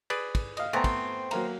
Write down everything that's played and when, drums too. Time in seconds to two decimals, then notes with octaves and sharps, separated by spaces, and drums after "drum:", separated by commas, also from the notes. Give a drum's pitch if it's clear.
0.10 G#4 B4 D5, drum: cymbal
0.35 drum: kick, cymbal
0.57 D#5 F5, drum: cymbal
0.73 A3 B3 C4 G#5 A#5
0.84 drum: kick, cymbal
1.31 F#3 A#3 A#5, drum: cymbal